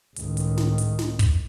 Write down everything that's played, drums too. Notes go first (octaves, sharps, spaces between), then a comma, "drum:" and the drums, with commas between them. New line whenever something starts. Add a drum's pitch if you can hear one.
C#2 A2 D#3, drum: hi-hat
drum: hi-hat
drum: snare
drum: hi-hat
drum: snare
drum: kick, hi-hat